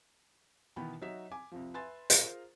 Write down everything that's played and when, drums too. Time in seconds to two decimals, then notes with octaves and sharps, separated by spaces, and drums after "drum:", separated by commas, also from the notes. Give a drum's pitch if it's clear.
0.76 B2 D#3 E3 B3 G5 B5
1.02 F#3 D#4 F#4 E5 B6
1.32 G#5 D6
1.52 C2 F2 F3
1.74 B4 E5 G#5 C6 A6
2.10 F4 G#4 A#4 C5, drum: hi-hat